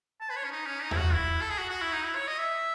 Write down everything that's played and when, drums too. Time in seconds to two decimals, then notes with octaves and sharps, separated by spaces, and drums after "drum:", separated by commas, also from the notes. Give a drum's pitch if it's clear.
0.20 A5
0.30 B4
0.36 C#5
0.44 C#4
0.51 D#4
0.66 C#4
0.82 D#4
0.91 E4, drum: tom E2
0.97 F#4
1.13 E4, drum: kick C2
1.41 A4
1.50 G#4
1.58 F#4
1.69 F#4
1.81 E4
1.92 D#4
2.04 E4
2.15 C#5
2.27 D#5
2.38 E5